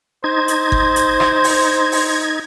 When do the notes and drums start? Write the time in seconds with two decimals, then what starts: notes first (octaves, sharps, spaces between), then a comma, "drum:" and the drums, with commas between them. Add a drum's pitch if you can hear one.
0.24 D#4 C5 G#6
0.48 drum: hi-hat
0.72 drum: kick G1
0.96 drum: hi-hat
1.20 drum: rim click
1.44 drum: open hi-hat
1.92 drum: open hi-hat